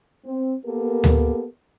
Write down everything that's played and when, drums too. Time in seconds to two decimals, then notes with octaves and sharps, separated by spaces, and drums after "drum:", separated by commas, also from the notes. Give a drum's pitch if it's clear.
0.24 C4
0.65 A#3 B3 G4 A4 A#4
1.04 drum: tom D2